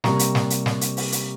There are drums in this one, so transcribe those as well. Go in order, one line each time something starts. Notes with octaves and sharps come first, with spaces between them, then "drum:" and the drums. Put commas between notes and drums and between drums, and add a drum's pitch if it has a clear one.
C3 G3 A#3 A#5 C#6, drum: snare
drum: hi-hat
drum: snare
drum: hi-hat
drum: snare
drum: hi-hat
drum: open hi-hat
drum: hi-hat